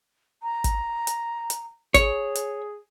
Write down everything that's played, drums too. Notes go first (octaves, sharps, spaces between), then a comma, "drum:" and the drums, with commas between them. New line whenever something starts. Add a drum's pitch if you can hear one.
A#5
drum: kick, hi-hat
drum: hi-hat
drum: hi-hat
G#4 C#5, drum: kick, hi-hat
drum: hi-hat